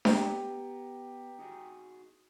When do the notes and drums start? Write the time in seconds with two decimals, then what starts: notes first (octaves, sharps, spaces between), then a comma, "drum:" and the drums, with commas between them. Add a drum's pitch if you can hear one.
0.05 B3 G4 A#5, drum: snare D4
1.39 D#4 F#4 G#4